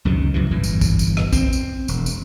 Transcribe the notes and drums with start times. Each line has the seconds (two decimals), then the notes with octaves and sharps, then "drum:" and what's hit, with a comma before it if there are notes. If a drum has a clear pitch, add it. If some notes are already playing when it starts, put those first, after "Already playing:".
0.05 C#2 F#2 C3 D#3
0.34 C#2 F#2 C3 E3
0.51 G1 E2 A2 E3
0.64 drum: tambourine
0.81 drum: kick, tambourine
0.99 drum: tambourine
1.17 drum: rim click
1.33 C4, drum: kick, tambourine
1.53 drum: tambourine
1.88 E1, drum: tambourine
2.06 drum: tambourine